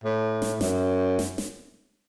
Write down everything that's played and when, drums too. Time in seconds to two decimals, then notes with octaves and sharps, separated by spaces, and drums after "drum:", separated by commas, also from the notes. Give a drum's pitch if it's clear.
0.04 A2
0.42 drum: snare
0.61 F#2, drum: snare
1.19 drum: snare
1.38 drum: snare